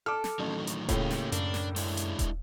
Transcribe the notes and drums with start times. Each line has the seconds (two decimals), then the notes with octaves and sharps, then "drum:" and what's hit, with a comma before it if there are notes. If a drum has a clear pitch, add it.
0.06 A4 D6 F6
0.24 drum: snare
0.39 A1 A2 D#3 F#3
0.67 drum: hi-hat
0.89 A2 C#3 A#3 F4 G4, drum: kick D#1, hi-hat
1.11 drum: snare
1.32 F#2 A#3 D4, drum: hi-hat
1.54 drum: snare
1.76 G#3 D4 E4, drum: open hi-hat
1.97 drum: hi-hat
2.19 drum: kick D#1, hi-hat